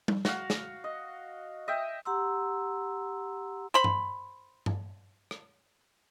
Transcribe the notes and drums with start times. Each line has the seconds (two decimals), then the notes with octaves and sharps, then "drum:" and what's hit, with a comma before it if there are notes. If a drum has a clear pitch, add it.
0.08 drum: tom G3
0.25 F#4 F5, drum: snare
0.50 drum: snare
0.84 D#5
1.68 D#5 E5 G5
2.05 G4 F#5 A#5 C6 E6
3.74 C5 B5
3.84 drum: tom G2
4.66 drum: tom G2
5.31 drum: rim click